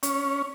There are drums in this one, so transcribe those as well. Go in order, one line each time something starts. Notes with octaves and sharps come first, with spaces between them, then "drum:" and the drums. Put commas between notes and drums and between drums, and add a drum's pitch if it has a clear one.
C#4, drum: hi-hat